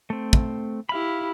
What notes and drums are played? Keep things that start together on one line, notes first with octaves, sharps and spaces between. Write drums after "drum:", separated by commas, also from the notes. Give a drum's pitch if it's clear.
A3 C4
drum: kick
E4 G4 F5 B5